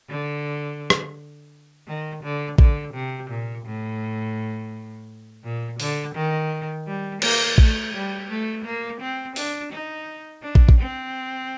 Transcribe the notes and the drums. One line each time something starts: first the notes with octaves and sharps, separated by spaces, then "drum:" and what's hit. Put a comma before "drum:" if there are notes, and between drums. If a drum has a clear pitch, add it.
D3
drum: rim click
D#3
D3
D3, drum: kick
C3
A#2
A2
A#2
D3, drum: open hi-hat
D#3
G3
A#3, drum: cymbal
A3, drum: kick
G3
A3
A#3
C4
D4, drum: open hi-hat
D#4
D4
drum: kick
drum: kick
C4